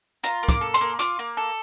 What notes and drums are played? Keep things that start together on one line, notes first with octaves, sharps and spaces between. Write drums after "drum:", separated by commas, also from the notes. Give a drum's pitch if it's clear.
F4 A#5, drum: hi-hat
A#3
D6, drum: kick, hi-hat
A4
C6, drum: hi-hat
A#3
F4 D6, drum: hi-hat
A#3
A4